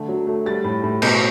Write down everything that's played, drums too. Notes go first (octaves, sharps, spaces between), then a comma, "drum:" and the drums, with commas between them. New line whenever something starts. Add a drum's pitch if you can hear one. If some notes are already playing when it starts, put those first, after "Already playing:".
Already playing: D3 A3
F#3
A3
G3 A6
A2
A2
B2 G6, drum: cymbal